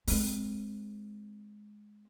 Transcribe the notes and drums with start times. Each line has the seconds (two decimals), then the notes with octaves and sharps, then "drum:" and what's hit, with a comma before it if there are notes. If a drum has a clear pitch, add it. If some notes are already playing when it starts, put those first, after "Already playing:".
0.07 G#3 C4, drum: open hi-hat